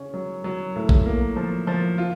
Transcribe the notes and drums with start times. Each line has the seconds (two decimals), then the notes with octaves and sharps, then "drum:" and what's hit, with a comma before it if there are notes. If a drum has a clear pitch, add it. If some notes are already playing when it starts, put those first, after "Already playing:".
Already playing: C#3 C#4
0.14 F#3
0.44 F#3
0.76 A2
0.89 drum: kick A1
1.06 A#3
1.36 F3
1.67 F3
1.98 F4